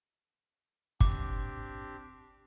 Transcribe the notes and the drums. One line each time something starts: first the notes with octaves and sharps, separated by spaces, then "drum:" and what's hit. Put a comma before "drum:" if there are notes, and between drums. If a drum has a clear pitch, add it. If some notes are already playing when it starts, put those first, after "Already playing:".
C4 D4 G4 D6, drum: kick